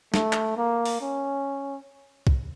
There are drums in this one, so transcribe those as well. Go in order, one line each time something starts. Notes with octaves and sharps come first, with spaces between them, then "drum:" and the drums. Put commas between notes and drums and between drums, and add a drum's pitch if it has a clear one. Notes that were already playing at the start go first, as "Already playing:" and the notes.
A3, drum: snare
drum: clap
A#3
drum: open hi-hat
C#4
drum: kick